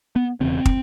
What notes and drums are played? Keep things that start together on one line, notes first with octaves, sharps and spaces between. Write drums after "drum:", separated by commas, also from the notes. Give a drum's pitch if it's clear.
B3
E1 E2 C#3 C4
drum: kick